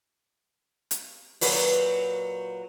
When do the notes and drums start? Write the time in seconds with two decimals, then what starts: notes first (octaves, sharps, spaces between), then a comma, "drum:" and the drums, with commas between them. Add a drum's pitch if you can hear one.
0.91 drum: hi-hat
1.41 A#2 F#3 B4, drum: open hi-hat